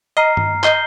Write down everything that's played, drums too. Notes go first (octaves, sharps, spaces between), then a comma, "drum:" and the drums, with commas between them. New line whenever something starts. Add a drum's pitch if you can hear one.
D#5 A#5 F6 C7
drum: tom G2
D#5 G6 C7 G7, drum: clap